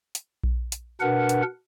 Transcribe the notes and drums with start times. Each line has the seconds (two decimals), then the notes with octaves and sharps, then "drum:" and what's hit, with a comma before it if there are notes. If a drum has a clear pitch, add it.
0.15 drum: hi-hat
0.44 drum: kick A#1
0.72 drum: hi-hat
1.01 B2 D4 A#4 B4 F#5
1.29 drum: hi-hat